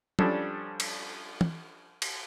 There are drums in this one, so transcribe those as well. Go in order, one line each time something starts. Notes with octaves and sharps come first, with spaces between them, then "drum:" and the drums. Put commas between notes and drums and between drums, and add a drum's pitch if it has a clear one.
F3 G3 C#4 D4 A4, drum: tom
drum: cymbal
drum: tom
drum: cymbal